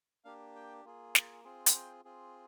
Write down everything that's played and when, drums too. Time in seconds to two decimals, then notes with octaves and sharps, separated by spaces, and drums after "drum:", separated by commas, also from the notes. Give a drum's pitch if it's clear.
0.25 A#3 D4 G4 F5
0.55 G5
0.85 A#3 F4 G#4
1.15 G#5, drum: snare
1.44 C4 F4 G#4
1.66 F5, drum: hi-hat
1.74 G5
2.05 C4 F4 G#4